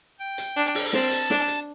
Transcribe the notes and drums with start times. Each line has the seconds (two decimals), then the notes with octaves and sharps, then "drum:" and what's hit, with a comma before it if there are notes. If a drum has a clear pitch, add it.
0.19 G5
0.38 drum: hi-hat
0.56 D4
0.75 drum: open hi-hat
0.93 C4 A5, drum: snare
1.11 drum: hi-hat
1.30 D4, drum: snare
1.48 drum: hi-hat